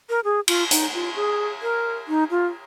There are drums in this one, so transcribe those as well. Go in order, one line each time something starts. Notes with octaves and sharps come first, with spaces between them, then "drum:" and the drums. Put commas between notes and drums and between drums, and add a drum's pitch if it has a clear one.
A#4
G#4
F4, drum: cymbal
D#4, drum: hi-hat
F4
G#4
A#4
D#4
F4